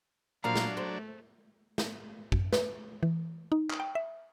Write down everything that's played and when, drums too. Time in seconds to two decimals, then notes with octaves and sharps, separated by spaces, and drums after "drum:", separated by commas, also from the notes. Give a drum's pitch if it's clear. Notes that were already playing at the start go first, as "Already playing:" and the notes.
0.44 A#2 F3 F#3 D4 A#4 F5 A#5
0.56 drum: snare
0.77 A3 C5
1.78 drum: snare
2.32 F#2, drum: kick
2.53 B4, drum: snare
3.03 E3
3.52 D#4
3.71 drum: clap
3.80 G5
3.95 E5